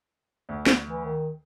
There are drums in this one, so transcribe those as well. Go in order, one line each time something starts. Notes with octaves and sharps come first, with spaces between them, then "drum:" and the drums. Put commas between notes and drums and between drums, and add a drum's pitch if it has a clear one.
D2
drum: snare
E3
D#3